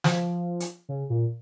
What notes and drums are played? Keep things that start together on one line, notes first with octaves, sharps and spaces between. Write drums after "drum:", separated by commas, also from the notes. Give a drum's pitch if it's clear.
F3, drum: snare
drum: hi-hat
C#3
A#2